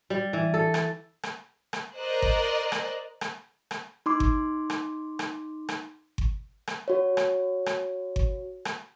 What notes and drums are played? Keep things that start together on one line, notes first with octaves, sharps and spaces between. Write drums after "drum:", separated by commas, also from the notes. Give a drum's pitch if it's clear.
G3
E3
A4
drum: rim click
drum: rim click
drum: rim click
A#4 C5 D5 D#5 F#6
drum: kick G1
drum: rim click
drum: rim click
drum: rim click
D#4 C6 D6
drum: kick G1
drum: rim click
drum: rim click
drum: rim click
drum: kick G1
drum: rim click
F#4 C#5
drum: rim click
drum: rim click
drum: kick G1
drum: rim click